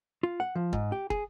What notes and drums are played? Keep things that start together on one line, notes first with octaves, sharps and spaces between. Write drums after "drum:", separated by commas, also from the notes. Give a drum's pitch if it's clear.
F4
F#5
F3
G#2, drum: kick
G4
G#4, drum: kick